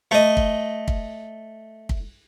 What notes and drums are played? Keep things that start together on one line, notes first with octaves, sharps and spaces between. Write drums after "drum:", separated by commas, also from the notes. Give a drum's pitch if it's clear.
A3 D#5
drum: kick
drum: kick
drum: kick